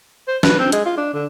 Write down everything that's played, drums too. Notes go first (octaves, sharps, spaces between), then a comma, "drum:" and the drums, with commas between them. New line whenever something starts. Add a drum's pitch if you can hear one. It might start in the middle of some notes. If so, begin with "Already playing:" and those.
C5
B4, drum: snare
C4
G#3, drum: hi-hat
F4
D4
D3